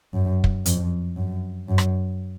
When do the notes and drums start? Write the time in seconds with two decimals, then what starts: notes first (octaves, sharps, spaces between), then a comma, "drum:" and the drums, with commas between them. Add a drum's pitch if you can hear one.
0.14 F#2
0.44 drum: kick
0.66 F2, drum: hi-hat
1.17 F#2
1.69 F#2
1.78 drum: rim click